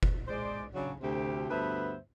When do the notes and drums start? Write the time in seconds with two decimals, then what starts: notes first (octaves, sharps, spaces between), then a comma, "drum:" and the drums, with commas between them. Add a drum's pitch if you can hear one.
0.03 drum: kick F#1
0.28 G#3 C5 D5
0.74 C#3 F#3 D4
1.01 D2 C3 G4
1.50 D2 G2 B3 B4 C5 E5